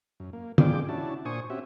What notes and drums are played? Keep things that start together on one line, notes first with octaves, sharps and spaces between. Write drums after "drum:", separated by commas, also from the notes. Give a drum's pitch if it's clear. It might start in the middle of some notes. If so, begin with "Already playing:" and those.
F#2
A#3
G#2 D4 F4 G#4 G5 D6, drum: tom
C#4 D4 E4 F#4 A5
A#2 D4 C5 G#5 C#6 D#6
C4 C#4 F#4 G4 E5